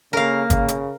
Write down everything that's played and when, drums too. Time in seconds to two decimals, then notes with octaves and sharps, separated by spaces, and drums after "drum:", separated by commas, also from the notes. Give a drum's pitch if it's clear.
0.13 C#3 A#3 A#4 F5
0.50 C#3, drum: kick G1, hi-hat
0.68 drum: hi-hat